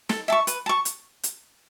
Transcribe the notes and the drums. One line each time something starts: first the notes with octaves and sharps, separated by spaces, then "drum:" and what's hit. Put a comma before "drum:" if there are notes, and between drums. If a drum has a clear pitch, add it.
A4, drum: snare
E5 A5 C#6
B4, drum: hi-hat
A5 C#6
drum: hi-hat
drum: hi-hat